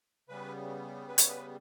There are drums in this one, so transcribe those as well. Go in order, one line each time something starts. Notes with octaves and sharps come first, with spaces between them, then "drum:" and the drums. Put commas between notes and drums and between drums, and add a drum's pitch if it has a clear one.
C#3 G3 B3 B4
B4
C#5, drum: hi-hat
B4